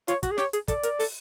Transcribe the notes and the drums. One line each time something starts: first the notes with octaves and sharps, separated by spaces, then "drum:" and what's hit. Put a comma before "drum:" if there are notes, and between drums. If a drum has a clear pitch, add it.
F4 C#5, drum: hi-hat
F#4, drum: kick, hi-hat
G#4
G4 C#5, drum: snare
G#4, drum: hi-hat
A4 D5, drum: kick, hi-hat
A#4, drum: hi-hat
A4, drum: open hi-hat